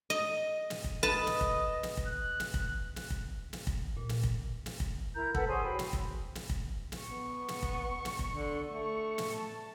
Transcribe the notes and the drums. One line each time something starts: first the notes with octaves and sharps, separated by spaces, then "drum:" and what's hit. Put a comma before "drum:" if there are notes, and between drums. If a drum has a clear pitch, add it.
D#5
drum: snare
drum: kick
B4 D#5 A5
drum: snare
drum: kick
drum: snare
drum: kick
F#6
drum: snare
drum: kick
drum: snare
drum: kick
drum: snare
drum: kick
A#2
drum: snare
drum: kick
drum: snare
drum: kick
E4 A#4 A#5 G6
A4 B4 F#5, drum: kick
G#4 C5 C#5
F#4 G5 B5
drum: snare
drum: kick
drum: snare
drum: kick
drum: snare
B3 C#6
drum: snare
drum: kick
drum: snare
drum: kick
D3
A3 C#6
drum: snare
A5